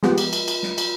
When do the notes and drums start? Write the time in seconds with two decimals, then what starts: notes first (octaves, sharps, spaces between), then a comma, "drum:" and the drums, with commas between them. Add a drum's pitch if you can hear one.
0.03 F3 G#3 B3 G4, drum: snare
0.18 drum: cymbal
0.33 drum: cymbal
0.48 drum: cymbal
0.63 drum: snare
0.78 drum: cymbal